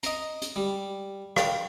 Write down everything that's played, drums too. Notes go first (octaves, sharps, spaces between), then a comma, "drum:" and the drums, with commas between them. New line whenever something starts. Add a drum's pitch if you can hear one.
D#5 A#5, drum: hi-hat
drum: hi-hat
G3
F5 G5, drum: rim click